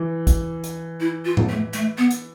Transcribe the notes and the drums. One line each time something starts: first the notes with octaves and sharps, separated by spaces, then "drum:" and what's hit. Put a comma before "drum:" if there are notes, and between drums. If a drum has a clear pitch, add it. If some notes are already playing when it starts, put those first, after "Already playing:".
Already playing: E3
drum: kick, hi-hat
drum: hi-hat
E4
F4
drum: tom A2
A3
A3, drum: hi-hat
B3
drum: hi-hat